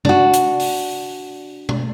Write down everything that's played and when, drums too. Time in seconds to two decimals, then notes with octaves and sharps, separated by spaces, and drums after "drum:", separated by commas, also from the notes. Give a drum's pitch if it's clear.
0.05 D4 F#4, drum: tom C3
0.34 drum: hi-hat
0.60 drum: open hi-hat
1.69 drum: tom B2